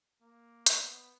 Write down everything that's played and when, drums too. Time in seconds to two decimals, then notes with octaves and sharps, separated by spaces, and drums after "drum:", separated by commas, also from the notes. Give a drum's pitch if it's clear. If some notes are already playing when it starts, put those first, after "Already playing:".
0.22 A#3
0.67 drum: hi-hat
0.80 B3